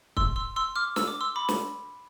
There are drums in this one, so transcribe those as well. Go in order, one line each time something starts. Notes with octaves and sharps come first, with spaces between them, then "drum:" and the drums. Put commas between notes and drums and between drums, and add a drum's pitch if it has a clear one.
C6 E6, drum: kick
C6 E6
C6 E6
D6 F6
E6, drum: snare
D6
C6 E6
B5 D6
drum: snare